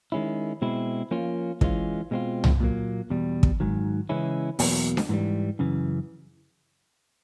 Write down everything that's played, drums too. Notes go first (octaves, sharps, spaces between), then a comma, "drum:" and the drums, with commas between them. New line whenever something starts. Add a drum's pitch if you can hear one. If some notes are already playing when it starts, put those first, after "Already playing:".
D#3 G#3 C#4 E4
B2 G#3 C4 E4
F3 A#3 C#4 F4
E3 G#3 C#4 F4, drum: kick
B2 G#3 C4 F4
drum: tom C2
A#2 F#3 A#3
E2 B2 G3
drum: kick
G#2 D#3 F#3
C#3 E3 G#3 C#4 E4
E2 B2 F#3 A#3, drum: open hi-hat
drum: snare D4
G#2 E3 G3
F#2 C#3 E3